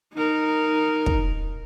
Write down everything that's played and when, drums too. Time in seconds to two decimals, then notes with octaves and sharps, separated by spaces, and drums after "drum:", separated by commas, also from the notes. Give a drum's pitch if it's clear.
0.14 D#4 A#4
1.06 drum: kick